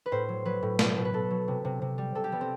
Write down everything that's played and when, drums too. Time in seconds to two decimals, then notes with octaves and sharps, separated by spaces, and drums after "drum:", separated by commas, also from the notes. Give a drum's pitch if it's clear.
0.06 B4
0.12 A2 C5
0.29 F#3
0.45 F#3 B4
0.63 A2
0.79 B2, drum: snare
0.97 B2
1.05 B4
1.13 B2 A4
1.31 F#3
1.48 C3
1.65 C3
1.82 C3
1.98 G3
2.15 C3 A4
2.24 G4
2.32 G3 B3
2.41 C4